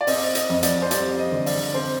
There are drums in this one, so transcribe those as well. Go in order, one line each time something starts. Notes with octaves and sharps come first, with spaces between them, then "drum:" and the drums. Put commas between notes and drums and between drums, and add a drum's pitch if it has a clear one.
D5
C4 D#5, drum: open hi-hat
D#5, drum: hi-hat
F2
D5, drum: hi-hat
C5
G3 D5, drum: hi-hat
D#5
D3
D5, drum: open hi-hat
C4 C5